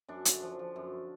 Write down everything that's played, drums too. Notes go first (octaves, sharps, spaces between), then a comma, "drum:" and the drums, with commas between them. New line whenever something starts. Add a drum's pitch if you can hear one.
F#2 D4
D3, drum: hi-hat
F3
F3
F#2